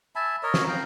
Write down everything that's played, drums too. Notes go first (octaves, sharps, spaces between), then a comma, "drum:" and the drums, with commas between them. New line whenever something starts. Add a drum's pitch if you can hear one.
E5 G#5 A5 B5
A#4 C#5 D#5
drum: snare
F5 G5 A#5